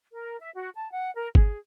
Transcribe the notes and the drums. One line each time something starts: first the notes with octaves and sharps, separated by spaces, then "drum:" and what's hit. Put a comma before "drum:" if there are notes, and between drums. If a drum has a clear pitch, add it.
A#4
E5
F#4
A5
F#5
A#4
G#4, drum: kick G1